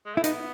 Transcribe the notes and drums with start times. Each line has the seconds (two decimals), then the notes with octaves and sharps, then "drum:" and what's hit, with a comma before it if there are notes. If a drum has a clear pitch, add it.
0.06 G#3
0.15 A3 E4
0.24 B3 D#4, drum: hi-hat